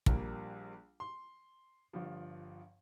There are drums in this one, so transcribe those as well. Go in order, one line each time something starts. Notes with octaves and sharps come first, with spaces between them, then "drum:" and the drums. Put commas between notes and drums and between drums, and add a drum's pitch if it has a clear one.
A#1 A#2 G3 A#3, drum: kick
C6
G1 G2 F3